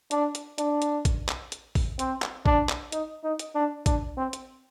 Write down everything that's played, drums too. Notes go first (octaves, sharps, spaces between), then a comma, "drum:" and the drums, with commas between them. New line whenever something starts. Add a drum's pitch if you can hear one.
D4, drum: hi-hat
drum: hi-hat
D4, drum: hi-hat
drum: hi-hat
drum: kick, hi-hat
drum: clap
drum: hi-hat
drum: kick, open hi-hat
C4, drum: hi-hat
drum: clap
D4, drum: kick
drum: clap
D#4, drum: hi-hat
D#4
drum: hi-hat
D4
D4, drum: kick, hi-hat
C4
drum: hi-hat